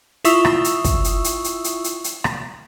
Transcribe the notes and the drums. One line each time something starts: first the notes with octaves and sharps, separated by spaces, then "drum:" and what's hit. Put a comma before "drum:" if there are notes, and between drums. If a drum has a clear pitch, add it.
E4 F4 E5 C#6 D#6 E6, drum: hi-hat
drum: rim click
drum: hi-hat
drum: kick, hi-hat
drum: hi-hat
drum: hi-hat
drum: hi-hat
drum: hi-hat
drum: hi-hat
drum: hi-hat
drum: rim click